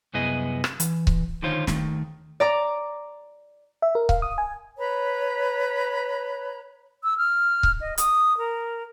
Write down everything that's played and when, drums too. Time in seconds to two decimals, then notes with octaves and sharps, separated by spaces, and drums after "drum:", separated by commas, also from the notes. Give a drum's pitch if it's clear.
0.14 C2 F#2 B3 E4 G#4 D#5
0.64 drum: rim click
0.80 E3, drum: hi-hat
1.07 drum: kick C#1
1.42 D3 D#3 D#4 F4 C5 C#5
1.67 D#2 D#3 A3, drum: snare
2.40 D5 A#5 D6
3.82 E5
3.95 A#4
4.09 F5, drum: kick C#1
4.22 D#6
4.38 G#5
4.78 B4 C#5 A#5 B5
7.02 E6
7.18 F6
7.63 drum: kick C#1
7.81 D#5
7.98 D#6, drum: hi-hat
8.38 A#4